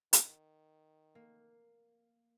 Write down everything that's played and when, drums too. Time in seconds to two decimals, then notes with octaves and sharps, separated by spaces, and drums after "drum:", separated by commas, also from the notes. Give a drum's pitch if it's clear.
0.13 D#3, drum: hi-hat
1.15 A#3